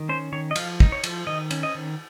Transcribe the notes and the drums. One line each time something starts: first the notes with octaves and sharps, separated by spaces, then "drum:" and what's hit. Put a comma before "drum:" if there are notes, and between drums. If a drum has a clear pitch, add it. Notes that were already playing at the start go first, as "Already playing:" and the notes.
Already playing: D#3
C#4 C5
D#3 C#5
D#5
F3 F5, drum: cymbal
D#4, drum: kick
C#5
F3, drum: cymbal
D#3 D#5
C#4, drum: cymbal
D#5
D#3